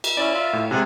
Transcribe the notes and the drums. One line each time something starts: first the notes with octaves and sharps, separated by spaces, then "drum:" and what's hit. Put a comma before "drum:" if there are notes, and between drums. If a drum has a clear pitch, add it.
drum: cymbal
C#4 E4 D5
F4 E5
A2
C3 G#3 F#5 G#5